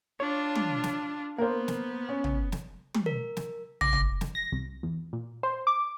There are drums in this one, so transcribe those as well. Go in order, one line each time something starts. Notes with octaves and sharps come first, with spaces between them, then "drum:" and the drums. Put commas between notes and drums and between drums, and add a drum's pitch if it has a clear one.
D4 F4 C#5
drum: tom
drum: snare
A#3 B3 A#4 C5
drum: snare
C#4
drum: tom
drum: snare
drum: tom
A#4
drum: snare
D6 A#6, drum: tom
drum: tom
drum: snare
A#6
C2
E2
A#2
C5
D6